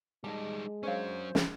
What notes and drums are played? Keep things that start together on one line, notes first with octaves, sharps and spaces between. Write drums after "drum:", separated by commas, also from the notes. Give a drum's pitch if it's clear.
G3 G#3 D#4 D#5 A5
F#3 C#4 D4 C5 C#5 F5
drum: snare